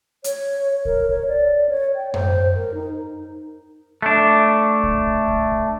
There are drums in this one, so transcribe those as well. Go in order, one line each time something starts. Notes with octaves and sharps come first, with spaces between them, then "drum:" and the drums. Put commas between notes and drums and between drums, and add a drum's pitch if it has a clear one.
C#5, drum: hi-hat
A#4, drum: kick B1
C#5
D5
C#5
G5
C5, drum: tom F#2
A#4
D#4
A3 D4
drum: kick B1
drum: kick B1